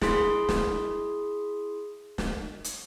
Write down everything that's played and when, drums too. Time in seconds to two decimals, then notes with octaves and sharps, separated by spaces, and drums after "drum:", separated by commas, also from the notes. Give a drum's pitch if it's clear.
0.01 E4 G#4 C6 B6, drum: snare
0.49 drum: snare
2.18 drum: snare
2.64 drum: hi-hat